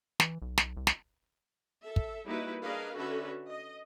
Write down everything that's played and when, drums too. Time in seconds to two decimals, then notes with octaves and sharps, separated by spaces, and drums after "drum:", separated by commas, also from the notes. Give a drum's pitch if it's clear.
0.20 E3, drum: snare
0.42 B1
0.58 drum: snare
0.77 C2
0.87 drum: snare
1.83 A4 E5
1.96 drum: kick
2.25 G3 A#3 D#4 E4 F#4 B4
2.62 D4 G#4 A#4 B4 D#5 F5
2.94 D3 C#4 F#4 A4 B4 E5
3.48 D#5